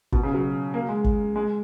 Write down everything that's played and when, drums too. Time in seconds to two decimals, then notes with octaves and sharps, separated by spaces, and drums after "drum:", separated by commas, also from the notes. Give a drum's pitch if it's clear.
0.13 B2, drum: kick
0.23 C#3
0.34 F#3
0.74 A#3
0.89 G#3
1.04 drum: kick
1.36 G#3